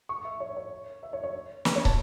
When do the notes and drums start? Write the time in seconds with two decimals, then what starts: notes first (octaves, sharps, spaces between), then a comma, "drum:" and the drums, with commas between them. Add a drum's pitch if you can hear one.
0.09 C#6
0.25 E5
0.40 C#5
0.57 C#5
1.03 E5
1.13 C#5
1.24 C#5
1.65 B4, drum: snare
1.76 C#5
1.85 A5, drum: kick